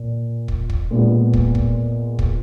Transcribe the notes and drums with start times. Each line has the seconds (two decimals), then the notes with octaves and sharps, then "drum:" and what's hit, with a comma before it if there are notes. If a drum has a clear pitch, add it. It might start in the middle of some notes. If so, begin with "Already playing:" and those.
Already playing: A#2 A#3
0.48 drum: kick
0.70 drum: kick
0.91 A#2 G#3 B3
1.34 drum: kick
1.55 drum: kick
2.19 drum: kick